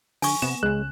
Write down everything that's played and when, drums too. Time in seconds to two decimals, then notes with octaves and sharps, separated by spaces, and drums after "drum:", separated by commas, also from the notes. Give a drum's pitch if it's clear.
0.22 D3 G#5 C#6, drum: open hi-hat
0.42 C3 B3 E7
0.63 C#2 C#3 G#3 F#6